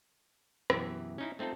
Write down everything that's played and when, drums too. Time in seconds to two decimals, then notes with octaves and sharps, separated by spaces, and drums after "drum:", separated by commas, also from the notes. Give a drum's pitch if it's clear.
0.70 F#2 B2 E3 E4 G4 E5, drum: rim click
1.18 C#4 D#4 E4
1.39 A3 C4 D#4 F4 A4